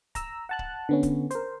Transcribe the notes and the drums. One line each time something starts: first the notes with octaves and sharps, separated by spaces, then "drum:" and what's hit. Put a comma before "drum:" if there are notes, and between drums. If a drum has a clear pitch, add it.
A#5 E6, drum: kick C#1, hi-hat
F#5 A5 F#6
drum: kick C#1
D3 B3 C#4
drum: kick C#1, hi-hat
A#4 C5, drum: hi-hat